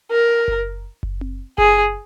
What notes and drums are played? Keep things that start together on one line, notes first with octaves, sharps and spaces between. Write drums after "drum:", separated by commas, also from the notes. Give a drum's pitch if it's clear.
A#4
drum: kick F#1
drum: kick F#1
drum: tom C4
G#4, drum: kick F#1